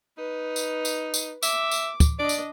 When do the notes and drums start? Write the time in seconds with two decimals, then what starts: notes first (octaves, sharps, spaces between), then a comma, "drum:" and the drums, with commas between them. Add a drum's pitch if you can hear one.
0.18 D#4 B4
0.56 drum: tambourine
0.85 drum: tambourine
1.14 drum: tambourine
1.43 E5 D6, drum: tambourine
1.71 drum: tambourine
2.00 drum: kick, tambourine
2.19 D4 D5 D#5
2.29 drum: tambourine